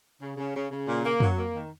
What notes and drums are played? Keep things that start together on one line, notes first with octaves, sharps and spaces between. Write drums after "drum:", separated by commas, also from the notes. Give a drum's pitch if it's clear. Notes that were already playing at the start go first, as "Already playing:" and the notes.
C#3
C#3
C#3
C#3
A#2
A#3
F#3, drum: tom
A#3
D#3